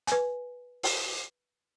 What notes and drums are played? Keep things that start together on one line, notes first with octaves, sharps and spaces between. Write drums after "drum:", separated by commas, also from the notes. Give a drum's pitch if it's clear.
B4 G#5, drum: hi-hat
drum: open hi-hat